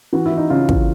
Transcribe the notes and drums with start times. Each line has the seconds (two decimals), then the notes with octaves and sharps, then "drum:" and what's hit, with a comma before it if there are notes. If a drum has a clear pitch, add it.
0.13 E3 F#4
0.25 E4
0.31 E3
0.37 D#4
0.50 C#3 F4
0.69 E3, drum: kick